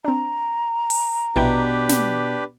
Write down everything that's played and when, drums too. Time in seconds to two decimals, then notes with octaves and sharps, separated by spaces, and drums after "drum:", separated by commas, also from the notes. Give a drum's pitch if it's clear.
0.04 C4 D4 A#5
0.90 drum: open hi-hat
1.36 A#1 B2 D4 E4 G4 B4 G5
1.89 drum: snare